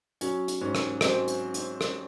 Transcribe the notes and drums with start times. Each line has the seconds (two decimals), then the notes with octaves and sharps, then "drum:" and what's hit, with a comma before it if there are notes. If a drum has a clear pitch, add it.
0.21 F#3 C#4, drum: hi-hat
0.48 drum: hi-hat
0.61 G#2 C#4
0.75 drum: rim click
1.01 F#3 C4 D#4, drum: rim click
1.28 drum: hi-hat
1.54 drum: hi-hat
1.81 drum: rim click